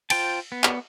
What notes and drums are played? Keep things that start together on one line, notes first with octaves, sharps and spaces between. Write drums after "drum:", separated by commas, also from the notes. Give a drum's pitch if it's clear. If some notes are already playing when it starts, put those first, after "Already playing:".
F4 C5 G5 A5, drum: cymbal
B3
drum: clap